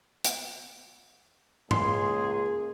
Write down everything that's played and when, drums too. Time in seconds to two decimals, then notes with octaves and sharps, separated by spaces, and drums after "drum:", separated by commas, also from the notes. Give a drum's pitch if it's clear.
0.24 drum: hi-hat
1.71 C#2 A#3 G#4 C6, drum: tom G#2